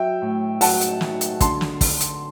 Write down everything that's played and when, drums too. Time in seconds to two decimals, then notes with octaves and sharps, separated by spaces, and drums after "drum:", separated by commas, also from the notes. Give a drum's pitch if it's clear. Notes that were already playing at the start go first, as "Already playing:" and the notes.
Already playing: F#3 E5 G5
0.22 A2
0.61 F#3 F#5 A5, drum: open hi-hat
0.81 drum: hi-hat
1.01 F#3, drum: snare
1.21 drum: hi-hat
1.41 D3 A5 C6, drum: kick, hi-hat
1.61 drum: snare
1.81 D3, drum: kick, open hi-hat
2.01 drum: hi-hat